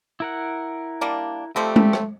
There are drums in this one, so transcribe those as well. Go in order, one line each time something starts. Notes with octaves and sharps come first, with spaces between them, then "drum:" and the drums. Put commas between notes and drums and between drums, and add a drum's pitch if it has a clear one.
E4 A#4 F#5
G3 A#3 D4
F3 G3 A3 C4 G4
drum: tom G#3
drum: rim click